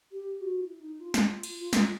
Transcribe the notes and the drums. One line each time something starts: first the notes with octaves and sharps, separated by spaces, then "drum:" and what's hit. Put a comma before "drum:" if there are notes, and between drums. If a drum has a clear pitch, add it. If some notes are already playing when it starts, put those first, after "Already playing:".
G4
F#4
E4
D#4
F4
drum: snare
drum: cymbal
F4
drum: snare